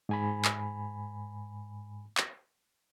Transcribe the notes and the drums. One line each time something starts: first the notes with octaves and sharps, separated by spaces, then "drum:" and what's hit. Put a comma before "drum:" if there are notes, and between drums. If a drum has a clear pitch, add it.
G#2 G#5 B5
drum: clap
drum: clap